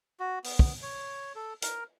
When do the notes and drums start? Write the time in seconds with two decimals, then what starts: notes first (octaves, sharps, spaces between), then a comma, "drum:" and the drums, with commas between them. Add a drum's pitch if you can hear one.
0.20 F#4
0.44 B3, drum: open hi-hat
0.59 drum: kick
0.82 C#5
1.35 A4
1.62 A#4, drum: hi-hat